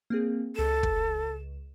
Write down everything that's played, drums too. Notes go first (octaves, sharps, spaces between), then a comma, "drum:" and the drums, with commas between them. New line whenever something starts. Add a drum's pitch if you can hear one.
A#3 C4 G#4
C#2 A4 E7
drum: kick